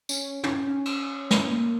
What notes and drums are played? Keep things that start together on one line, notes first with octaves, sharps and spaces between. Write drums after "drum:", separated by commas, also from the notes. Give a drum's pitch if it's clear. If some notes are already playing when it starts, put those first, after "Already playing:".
C#4, drum: tambourine
C#4, drum: tom
C#4
C#4
drum: cymbal
drum: snare
A#3